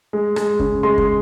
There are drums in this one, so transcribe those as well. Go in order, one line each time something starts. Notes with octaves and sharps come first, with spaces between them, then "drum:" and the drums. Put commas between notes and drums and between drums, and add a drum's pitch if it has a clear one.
G#3
G#3, drum: rim click
C#3, drum: kick
G#3 C6
drum: kick